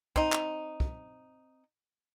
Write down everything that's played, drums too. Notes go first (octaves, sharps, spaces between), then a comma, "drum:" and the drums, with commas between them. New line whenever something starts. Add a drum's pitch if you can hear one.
C4 D#4, drum: kick
drum: clap
drum: kick